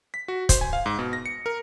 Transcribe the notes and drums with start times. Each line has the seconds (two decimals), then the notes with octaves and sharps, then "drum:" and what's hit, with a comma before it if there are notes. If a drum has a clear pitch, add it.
0.14 B6
0.28 F#4
0.49 C5, drum: kick, hi-hat
0.61 G#5
0.73 F5
0.86 G#2
0.99 B2
1.13 A#6
1.26 C#7
1.46 A#4